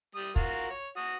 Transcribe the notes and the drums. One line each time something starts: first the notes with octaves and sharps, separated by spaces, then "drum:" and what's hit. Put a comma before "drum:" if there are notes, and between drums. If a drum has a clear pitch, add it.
G3 D#6
F4 F#4 A#4, drum: kick
C#5
F#4 D#6